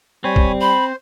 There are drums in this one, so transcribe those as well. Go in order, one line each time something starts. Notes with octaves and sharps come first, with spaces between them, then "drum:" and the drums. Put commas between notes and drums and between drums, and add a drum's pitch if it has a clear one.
G3 C4 C#5 G#5 B5
drum: kick
C5 B5